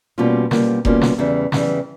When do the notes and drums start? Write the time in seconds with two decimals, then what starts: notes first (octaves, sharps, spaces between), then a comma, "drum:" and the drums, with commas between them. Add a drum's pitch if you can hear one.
0.18 B2 G3 A#3 C#4 F4
0.51 B2 G3 A#3 C#4 F4, drum: snare
0.85 B2 G3 A#3 C#4 F4, drum: kick F1
1.01 drum: snare
1.18 E2 C#3 E3 G3
1.52 E2 C#3 E3 G3, drum: snare